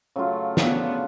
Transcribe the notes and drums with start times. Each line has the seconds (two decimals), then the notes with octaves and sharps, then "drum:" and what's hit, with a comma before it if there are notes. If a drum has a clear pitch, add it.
0.16 C#3 F#3 A3 F4
0.57 B3 D4, drum: snare